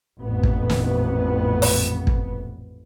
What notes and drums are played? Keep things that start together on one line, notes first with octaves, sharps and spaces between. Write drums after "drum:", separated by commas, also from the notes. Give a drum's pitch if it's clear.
A1 F2 A#2 B3
drum: kick
drum: snare
drum: open hi-hat
drum: kick